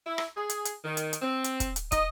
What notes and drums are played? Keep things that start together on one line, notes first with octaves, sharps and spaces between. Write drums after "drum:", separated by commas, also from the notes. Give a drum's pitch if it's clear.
E4
drum: rim click
G#4
drum: hi-hat
drum: hi-hat
D#3
drum: hi-hat
drum: hi-hat
C4
drum: hi-hat
drum: kick, hi-hat
drum: hi-hat
D#5, drum: kick, hi-hat